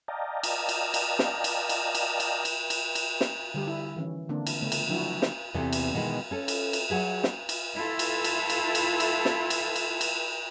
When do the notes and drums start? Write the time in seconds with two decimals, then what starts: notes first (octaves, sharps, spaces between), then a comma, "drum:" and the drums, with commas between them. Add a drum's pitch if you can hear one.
0.08 D5 D#5 F5 G5 A5 A#5
0.43 drum: cymbal
0.69 drum: cymbal
0.94 drum: cymbal
1.19 drum: snare
1.44 drum: cymbal
1.69 drum: cymbal
1.95 drum: cymbal
2.20 drum: cymbal
2.45 drum: cymbal
2.70 drum: cymbal
2.95 drum: cymbal
3.21 drum: snare
3.54 D3 G3 G4
3.67 E4
3.96 D#3 E3 C#4
4.29 D3 A#3 C4 D4
4.47 drum: cymbal
4.62 C#3 A3 B3 C#5
4.72 drum: cymbal
4.89 F3 F#3 D4 E4 F#4
5.22 drum: snare
5.54 E2 C3 E3 A3
5.73 drum: cymbal
5.94 B2 D#3 E3 G#3
6.31 C#4 A4
6.48 drum: cymbal
6.73 drum: cymbal
6.90 F#3 G#4 E5
7.24 drum: snare
7.49 drum: cymbal
7.75 E4 F4 A4 E5
7.99 drum: cymbal
8.24 drum: cymbal
8.50 drum: cymbal
8.75 drum: cymbal
9.00 drum: cymbal
9.25 drum: snare
9.50 drum: cymbal
9.76 drum: cymbal
10.01 drum: cymbal